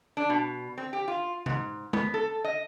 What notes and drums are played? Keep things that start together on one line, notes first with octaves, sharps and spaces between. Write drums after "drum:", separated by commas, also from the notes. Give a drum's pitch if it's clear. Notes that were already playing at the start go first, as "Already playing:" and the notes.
D4
B2
C4
G4
F4
G#2, drum: tom C3
B3, drum: tom
A4
D#5